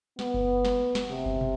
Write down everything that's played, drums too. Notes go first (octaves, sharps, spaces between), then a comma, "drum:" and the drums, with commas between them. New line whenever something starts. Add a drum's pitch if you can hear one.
B3, drum: snare
drum: kick F#1
drum: snare
drum: snare
C3
drum: kick F#1
drum: tom